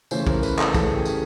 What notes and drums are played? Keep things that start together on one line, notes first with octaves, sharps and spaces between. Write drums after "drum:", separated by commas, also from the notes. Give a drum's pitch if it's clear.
C#3 E3 A3 C#4 C5, drum: tambourine
A#4, drum: kick
B4, drum: tambourine
A4, drum: clap
C#3 E3 A3 C#4 A4, drum: kick, tambourine
G#4
G4
G#4, drum: tambourine